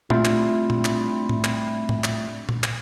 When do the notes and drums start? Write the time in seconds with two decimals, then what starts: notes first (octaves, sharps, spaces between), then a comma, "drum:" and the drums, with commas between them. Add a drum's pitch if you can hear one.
0.10 G3 A3 C4 D4 E4 F4, drum: tom A#2
0.25 drum: clap
0.70 drum: tom A#2
0.85 drum: clap
1.29 drum: tom A2
1.44 drum: clap
1.89 drum: tom A2
2.04 drum: clap
2.49 drum: tom A#2
2.64 drum: clap